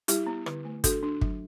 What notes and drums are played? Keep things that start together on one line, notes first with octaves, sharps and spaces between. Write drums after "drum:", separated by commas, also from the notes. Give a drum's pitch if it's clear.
G3 E4 G4, drum: hi-hat
B3
D3, drum: rim click
A3
D4 F#4 A4, drum: kick G1, hi-hat
D4
F#3, drum: kick G1